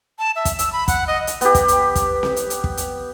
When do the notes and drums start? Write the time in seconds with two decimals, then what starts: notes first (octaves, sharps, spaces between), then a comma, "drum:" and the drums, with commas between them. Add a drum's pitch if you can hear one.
0.19 A5
0.36 E5
0.45 drum: kick, hi-hat
0.59 E6, drum: hi-hat
0.73 B5
0.88 F#5, drum: kick, hi-hat
1.07 D#5
1.27 drum: hi-hat
1.41 B3 G4, drum: hi-hat
1.55 drum: kick, hi-hat
1.68 drum: hi-hat
1.96 drum: kick, hi-hat
2.23 drum: snare C4
2.36 drum: hi-hat
2.50 drum: hi-hat
2.64 drum: kick
2.77 drum: hi-hat